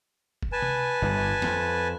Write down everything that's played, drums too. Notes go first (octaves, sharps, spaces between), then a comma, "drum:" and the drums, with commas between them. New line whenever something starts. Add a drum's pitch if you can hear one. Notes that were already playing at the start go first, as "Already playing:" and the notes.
drum: kick
B4 G#5 A5
drum: tom C3
G1 G2
F2, drum: snare